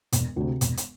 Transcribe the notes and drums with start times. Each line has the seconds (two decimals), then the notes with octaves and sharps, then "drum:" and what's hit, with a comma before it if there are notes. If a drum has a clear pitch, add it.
0.12 E1, drum: hi-hat
0.36 D2 C3
0.61 E1, drum: hi-hat
0.77 drum: hi-hat